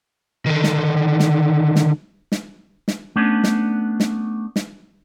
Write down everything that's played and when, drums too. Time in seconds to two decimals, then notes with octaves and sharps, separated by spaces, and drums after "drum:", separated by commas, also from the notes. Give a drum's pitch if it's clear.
0.46 D3 D#3
0.64 drum: snare
1.20 drum: snare
1.76 drum: snare
2.32 drum: snare
2.88 drum: snare
3.16 A3 B3 C#4 D4
3.44 drum: snare
4.00 drum: snare
4.56 drum: snare